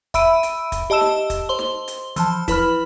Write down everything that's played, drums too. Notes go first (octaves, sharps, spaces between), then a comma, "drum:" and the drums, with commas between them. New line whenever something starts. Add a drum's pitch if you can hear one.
E5 B5 E6 D7 D#7, drum: kick, hi-hat
drum: hi-hat
drum: kick, hi-hat
G4 D#5 A5 E6 E7
drum: snare
drum: kick, hi-hat
C5 C6 G7
drum: snare
drum: hi-hat
E3 F3 A5, drum: hi-hat
E4 B4 B5 F6, drum: kick, hi-hat